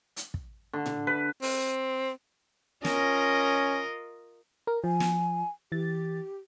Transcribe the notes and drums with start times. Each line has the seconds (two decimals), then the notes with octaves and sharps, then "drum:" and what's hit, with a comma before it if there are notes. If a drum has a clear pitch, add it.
0.17 drum: hi-hat
0.34 drum: kick
0.73 D3
0.86 drum: tom A2
1.07 B4
1.42 C4, drum: open hi-hat
2.85 C#4 F4 A#4 D#5, drum: snare
4.67 A#4
4.84 F3 G#5
5.00 drum: snare
5.72 E3 G4 A6